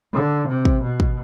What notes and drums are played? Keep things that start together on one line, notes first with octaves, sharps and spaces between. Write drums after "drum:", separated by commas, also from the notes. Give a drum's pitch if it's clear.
D3
C3
drum: kick
B2
drum: kick